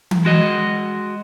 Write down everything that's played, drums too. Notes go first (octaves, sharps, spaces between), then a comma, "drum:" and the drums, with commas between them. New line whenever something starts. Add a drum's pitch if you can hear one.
drum: tom E3
G#3 F#4 D#5